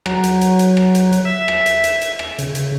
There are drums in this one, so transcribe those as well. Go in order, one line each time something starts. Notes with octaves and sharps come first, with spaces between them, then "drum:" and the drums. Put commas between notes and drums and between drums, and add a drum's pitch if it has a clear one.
F#3, drum: rim click
drum: hi-hat
drum: hi-hat
drum: hi-hat
drum: rim click
drum: hi-hat
drum: hi-hat
E5
drum: rim click
drum: hi-hat
drum: hi-hat
drum: hi-hat
drum: rim click
C#3, drum: hi-hat
drum: hi-hat